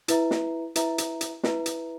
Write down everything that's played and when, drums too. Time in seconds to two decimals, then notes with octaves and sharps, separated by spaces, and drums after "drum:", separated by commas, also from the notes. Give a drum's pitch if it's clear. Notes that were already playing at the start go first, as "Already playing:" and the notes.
0.08 E4 B4 E5 A#5, drum: hi-hat
0.31 drum: snare
0.76 E4 B4 E5 A#5, drum: hi-hat
0.98 drum: hi-hat
1.21 drum: hi-hat
1.43 E4 B4 E5 A#5, drum: snare
1.66 drum: hi-hat